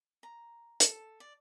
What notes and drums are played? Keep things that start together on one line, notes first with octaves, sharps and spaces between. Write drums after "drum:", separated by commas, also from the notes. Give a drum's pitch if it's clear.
A#5
A4, drum: hi-hat
D5